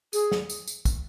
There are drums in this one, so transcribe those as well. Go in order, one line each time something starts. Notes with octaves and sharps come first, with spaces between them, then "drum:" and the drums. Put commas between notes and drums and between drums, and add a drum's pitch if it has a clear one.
G#4, drum: tambourine
drum: snare
drum: tambourine
drum: tambourine
drum: kick, tambourine